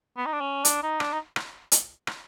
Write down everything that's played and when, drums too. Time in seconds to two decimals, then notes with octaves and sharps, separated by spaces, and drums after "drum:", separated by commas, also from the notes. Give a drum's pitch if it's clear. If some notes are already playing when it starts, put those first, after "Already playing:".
0.17 B3
0.26 D#4
0.33 D4
0.41 C#4
0.65 D4, drum: hi-hat
0.83 D#4
1.00 D4, drum: rim click
1.13 D#4
1.36 drum: rim click
1.72 drum: hi-hat
2.07 drum: rim click